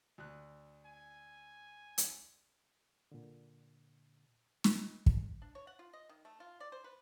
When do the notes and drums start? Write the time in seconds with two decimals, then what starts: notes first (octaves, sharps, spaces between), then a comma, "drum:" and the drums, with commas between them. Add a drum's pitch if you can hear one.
0.18 D2 F#6
0.85 G#5
1.98 drum: hi-hat
3.12 A#2 D3
4.64 drum: snare
5.06 drum: kick
5.42 D4
5.55 C#5
5.67 F#5
5.79 F4
5.93 D#5
6.09 D#3
6.25 A3
6.40 F4
6.60 D5
6.72 C5
6.84 B4